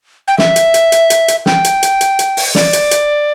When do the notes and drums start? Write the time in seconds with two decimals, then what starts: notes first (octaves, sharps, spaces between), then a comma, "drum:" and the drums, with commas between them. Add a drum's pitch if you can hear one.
0.28 G5
0.38 E5, drum: snare
0.56 drum: hi-hat
0.74 drum: hi-hat
0.92 drum: hi-hat
1.10 drum: hi-hat
1.28 drum: hi-hat
1.46 G5, drum: snare
1.64 drum: hi-hat
1.83 drum: hi-hat
2.01 drum: hi-hat
2.19 drum: hi-hat
2.37 drum: open hi-hat
2.55 D5, drum: snare
2.73 drum: hi-hat
2.91 drum: hi-hat